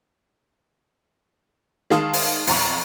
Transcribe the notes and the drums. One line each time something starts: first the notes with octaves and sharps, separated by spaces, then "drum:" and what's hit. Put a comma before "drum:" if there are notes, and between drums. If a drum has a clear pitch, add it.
D#3 G#3 F5 A5 D#6, drum: snare
drum: open hi-hat
B1 F2 A#5 C#6, drum: open hi-hat